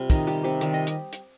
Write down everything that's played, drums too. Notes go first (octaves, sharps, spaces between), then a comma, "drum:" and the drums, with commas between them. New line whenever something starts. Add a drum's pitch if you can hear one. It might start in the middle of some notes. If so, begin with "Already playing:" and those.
Already playing: C3 G3 F4
D#3 D#4, drum: kick, hi-hat
G3 G4
C3 G4
D#3 D5, drum: hi-hat
D#5
drum: hi-hat
drum: hi-hat